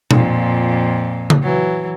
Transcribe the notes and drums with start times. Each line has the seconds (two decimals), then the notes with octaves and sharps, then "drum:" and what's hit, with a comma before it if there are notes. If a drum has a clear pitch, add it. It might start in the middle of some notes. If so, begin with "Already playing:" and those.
0.11 F2 A#2, drum: tom B2
1.30 drum: tom C#3
1.42 E3 F#3